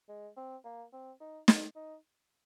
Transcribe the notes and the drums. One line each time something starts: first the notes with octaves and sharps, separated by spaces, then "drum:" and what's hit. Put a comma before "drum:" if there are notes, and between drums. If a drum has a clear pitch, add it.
G#3
C4
A#3
C4
D#4
drum: snare
D#4